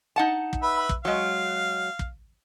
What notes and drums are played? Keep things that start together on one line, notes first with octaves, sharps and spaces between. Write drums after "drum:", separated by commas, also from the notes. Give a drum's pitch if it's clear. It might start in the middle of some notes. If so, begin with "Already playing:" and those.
D#4 F#5 A5
drum: kick
B4 E5 B5
drum: kick
F#3 G#3 F5
drum: kick